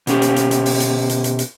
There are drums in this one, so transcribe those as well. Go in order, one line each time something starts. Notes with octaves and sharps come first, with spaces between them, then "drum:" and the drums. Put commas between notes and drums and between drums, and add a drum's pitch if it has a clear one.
B2 C#4 G4, drum: hi-hat
drum: hi-hat
drum: hi-hat
drum: hi-hat
drum: open hi-hat
drum: hi-hat
drum: hi-hat
drum: hi-hat
drum: hi-hat